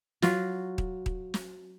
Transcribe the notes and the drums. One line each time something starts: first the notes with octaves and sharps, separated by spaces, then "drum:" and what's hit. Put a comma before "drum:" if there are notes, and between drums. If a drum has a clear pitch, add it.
F#3 F4 F#4, drum: snare
drum: kick D#1
drum: kick D#1
drum: snare